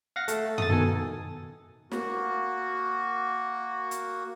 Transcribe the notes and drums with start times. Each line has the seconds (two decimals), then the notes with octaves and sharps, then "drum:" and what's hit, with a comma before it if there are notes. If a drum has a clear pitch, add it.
0.16 F5 F#5 A#6
0.28 A3 A4, drum: hi-hat
0.58 D#6 A6, drum: tom F#2
0.70 B2 D#3 A4 G#5
1.91 A#3 F#4, drum: snare
3.91 drum: hi-hat